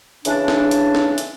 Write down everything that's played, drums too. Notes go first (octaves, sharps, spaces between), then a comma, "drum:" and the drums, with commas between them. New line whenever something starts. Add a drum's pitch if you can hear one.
C#3 E3 D4, drum: hi-hat
drum: snare
drum: hi-hat
drum: snare
drum: hi-hat